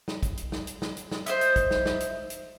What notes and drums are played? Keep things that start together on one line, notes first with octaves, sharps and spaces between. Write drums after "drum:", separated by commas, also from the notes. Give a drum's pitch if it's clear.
drum: snare
drum: kick, hi-hat
drum: hi-hat
drum: snare
drum: hi-hat
drum: snare
drum: hi-hat
drum: snare
C5 D#5 E5, drum: hi-hat
drum: hi-hat
drum: kick, hi-hat
drum: snare
drum: snare
drum: hi-hat
drum: hi-hat